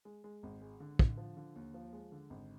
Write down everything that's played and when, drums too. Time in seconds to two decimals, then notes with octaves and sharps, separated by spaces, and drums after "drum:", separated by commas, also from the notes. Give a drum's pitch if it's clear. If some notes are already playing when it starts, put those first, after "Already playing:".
0.05 G#3
0.24 G#3
0.43 G#1
0.62 G#3
0.80 D3
0.99 D3, drum: kick
1.17 F3
1.37 D3
1.56 D#2
1.74 F3
1.93 G#3
2.12 D3
2.30 G#1